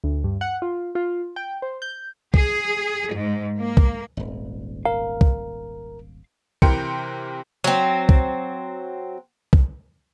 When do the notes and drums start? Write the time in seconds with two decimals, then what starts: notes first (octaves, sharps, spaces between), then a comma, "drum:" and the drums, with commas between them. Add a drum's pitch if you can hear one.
0.04 D2
0.24 G2
0.41 F#5
0.62 F4
0.95 F4
1.36 G5
1.62 C5
1.82 G6
2.34 G#4, drum: kick
3.12 G#2
3.59 A#3
3.77 drum: kick
4.17 D#1 G#1
4.85 A#4 F5
5.21 drum: kick
6.62 C3 E3 A#4 G5 C6 C#7, drum: kick
7.64 F#3 C4
8.09 drum: kick
9.53 drum: kick